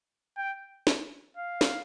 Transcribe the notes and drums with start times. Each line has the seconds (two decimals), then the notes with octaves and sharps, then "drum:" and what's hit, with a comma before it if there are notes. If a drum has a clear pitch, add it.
0.37 G5
0.87 drum: snare
1.37 F5
1.61 drum: snare